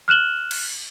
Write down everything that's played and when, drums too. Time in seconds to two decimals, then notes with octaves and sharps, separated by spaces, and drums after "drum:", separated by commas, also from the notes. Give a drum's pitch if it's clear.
0.08 F6 F#6 E7 F#7 G7
0.51 drum: cymbal